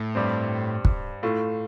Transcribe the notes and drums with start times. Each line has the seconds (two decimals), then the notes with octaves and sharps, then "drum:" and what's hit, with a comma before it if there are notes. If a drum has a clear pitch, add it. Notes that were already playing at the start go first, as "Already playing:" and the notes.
Already playing: A2
0.15 G2 G3 C4
0.85 drum: kick
1.23 A2 A3 F4